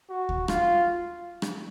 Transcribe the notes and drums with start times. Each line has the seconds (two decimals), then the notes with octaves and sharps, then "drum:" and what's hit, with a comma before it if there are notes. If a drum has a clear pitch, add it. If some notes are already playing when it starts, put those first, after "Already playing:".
0.10 F#4
0.29 drum: kick D2
0.48 F4, drum: rim click
1.42 drum: rim click